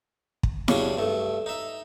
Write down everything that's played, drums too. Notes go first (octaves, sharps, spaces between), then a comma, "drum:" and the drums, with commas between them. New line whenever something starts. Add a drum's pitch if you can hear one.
drum: kick
F#2 C#3 G3 C#4 D4, drum: snare E4
G2 A3
D#4 E5